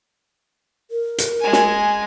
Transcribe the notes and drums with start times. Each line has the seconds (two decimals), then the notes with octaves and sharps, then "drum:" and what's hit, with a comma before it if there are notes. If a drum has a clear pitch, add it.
0.91 A#4
1.18 drum: hi-hat
1.41 G#3 G#5
1.53 drum: snare